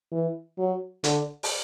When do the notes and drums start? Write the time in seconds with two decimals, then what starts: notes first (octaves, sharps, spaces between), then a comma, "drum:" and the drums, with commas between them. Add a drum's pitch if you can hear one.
0.12 E3
0.58 F#3
1.04 D3, drum: hi-hat
1.43 drum: open hi-hat